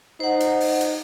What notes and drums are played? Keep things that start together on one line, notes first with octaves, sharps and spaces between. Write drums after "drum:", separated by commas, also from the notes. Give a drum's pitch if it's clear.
D#4 C5 F#5
drum: hi-hat
drum: open hi-hat
drum: hi-hat